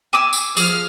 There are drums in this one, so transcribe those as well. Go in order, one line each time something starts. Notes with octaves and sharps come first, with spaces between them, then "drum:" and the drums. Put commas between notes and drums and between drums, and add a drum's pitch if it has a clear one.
G#5 D6 E6
drum: tambourine
F3 G#4 F6, drum: tambourine